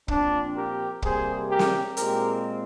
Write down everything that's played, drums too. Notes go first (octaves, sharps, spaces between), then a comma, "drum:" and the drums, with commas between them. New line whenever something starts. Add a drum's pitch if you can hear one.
A#2 F3 C4 D4, drum: kick
G4 A#4
C3 G3 A#3 G#4 C5, drum: kick
G4 A#4
drum: snare
A#2 G#3 C4 G4 A#4, drum: hi-hat